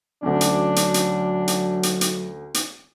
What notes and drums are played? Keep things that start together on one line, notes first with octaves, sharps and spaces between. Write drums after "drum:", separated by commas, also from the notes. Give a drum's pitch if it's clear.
D2 F#3 C#4 D4
drum: hi-hat
drum: hi-hat
drum: hi-hat
drum: hi-hat
drum: hi-hat
drum: hi-hat
drum: hi-hat